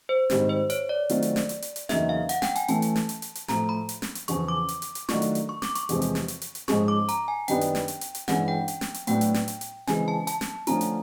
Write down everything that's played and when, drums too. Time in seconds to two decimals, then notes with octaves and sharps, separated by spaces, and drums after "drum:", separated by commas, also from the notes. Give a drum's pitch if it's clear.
0.09 C5
0.30 G#2 D#3 G3 C4, drum: snare
0.49 C5
0.70 C#5, drum: hi-hat
0.89 D5
1.09 D#3 F#3 A3 C4 F4, drum: hi-hat
1.23 drum: hi-hat
1.36 drum: snare
1.49 drum: hi-hat
1.62 drum: hi-hat
1.76 drum: hi-hat
1.89 E2 C#3 F#3 A#3 D#4 E5, drum: snare
2.09 F5
2.29 F#5, drum: hi-hat
2.42 G5, drum: snare
2.56 G#5, drum: hi-hat
2.68 E3 A3 C#4 A5, drum: hi-hat
2.82 drum: hi-hat
2.96 drum: snare
3.09 drum: hi-hat
3.22 drum: hi-hat
3.35 drum: hi-hat
3.48 A2 F3 A3 A#5, drum: snare
3.69 B5
3.89 drum: hi-hat
4.02 drum: snare
4.15 drum: hi-hat
4.28 E2 C#3 F3 C#6, drum: hi-hat
4.48 D6
4.69 drum: hi-hat
4.82 drum: hi-hat
4.95 drum: hi-hat
5.09 D#3 F#3 A3 D4 F4 C#6, drum: snare
5.22 drum: hi-hat
5.35 drum: hi-hat
5.49 C#6
5.62 D6, drum: snare
5.75 C#6, drum: hi-hat
5.89 E2 C3 F3 G#3, drum: hi-hat
6.02 drum: hi-hat
6.15 drum: snare
6.28 drum: hi-hat
6.42 drum: hi-hat
6.55 drum: hi-hat
6.68 G#2 F3 G#3 C#4 C#6, drum: snare
6.88 D6
7.09 A#5, drum: hi-hat
7.28 G#5
7.48 F#2 D#3 G3 B3 D4 G5, drum: hi-hat
7.61 drum: hi-hat
7.75 drum: snare
7.88 drum: hi-hat
8.01 drum: hi-hat
8.15 drum: hi-hat
8.28 G2 E3 G#3 C#4 F#5, drum: snare
8.48 G5
8.68 drum: hi-hat
8.81 drum: snare
8.94 drum: hi-hat
9.07 A2 F#3 B3 D4 F#4 G5, drum: hi-hat
9.21 drum: hi-hat
9.34 drum: snare
9.48 drum: hi-hat
9.61 drum: hi-hat
9.87 C#3 E3 G#3 C4 G#5, drum: snare
10.08 A5
10.27 A5, drum: hi-hat
10.41 drum: snare
10.67 D3 F3 A3 C#4 F4 A#5, drum: hi-hat
10.81 drum: hi-hat